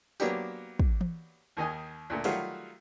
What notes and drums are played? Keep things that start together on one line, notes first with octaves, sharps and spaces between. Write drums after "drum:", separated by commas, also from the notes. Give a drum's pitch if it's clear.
F#3 A#3 B3 D4 G4, drum: tambourine
drum: kick
drum: tom E3
D#2 D#3 D#5 G#5
D2 A#2 A3
D#3 F#3 G3 A3 F4 F#4, drum: open hi-hat